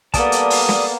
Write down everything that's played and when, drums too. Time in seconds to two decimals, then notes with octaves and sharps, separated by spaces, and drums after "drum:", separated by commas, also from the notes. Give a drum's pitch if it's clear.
0.14 G3 A#3 B3 A4 D5 A5 D#6, drum: kick, hi-hat
0.32 drum: hi-hat
0.50 drum: open hi-hat
0.69 drum: snare